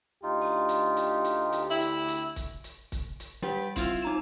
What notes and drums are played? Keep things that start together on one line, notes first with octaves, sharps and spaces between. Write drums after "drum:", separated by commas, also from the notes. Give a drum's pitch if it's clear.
D2 D#4 F4 G4
drum: open hi-hat
drum: hi-hat
drum: hi-hat
drum: hi-hat
drum: hi-hat
E4
drum: hi-hat
drum: hi-hat
drum: kick, hi-hat
drum: hi-hat
drum: kick, hi-hat
drum: hi-hat
G3 G4 B4
C4 E4 F4, drum: kick, hi-hat
D#4 A#5 E7